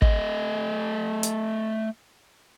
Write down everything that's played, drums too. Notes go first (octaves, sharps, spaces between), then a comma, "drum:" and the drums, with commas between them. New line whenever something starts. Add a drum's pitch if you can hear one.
A3 D#5, drum: kick
drum: hi-hat